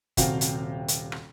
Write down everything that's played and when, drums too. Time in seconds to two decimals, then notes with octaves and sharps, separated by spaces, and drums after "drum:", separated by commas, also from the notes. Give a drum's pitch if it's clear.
0.17 D#1 C3 F#4 F5 G5, drum: kick, hi-hat
0.41 drum: hi-hat
0.88 drum: hi-hat
1.12 drum: rim click